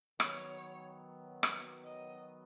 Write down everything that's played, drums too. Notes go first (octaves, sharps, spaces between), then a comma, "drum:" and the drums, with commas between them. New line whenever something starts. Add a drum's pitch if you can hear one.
D#3 F#3 B3 C#5, drum: rim click
drum: rim click
D#5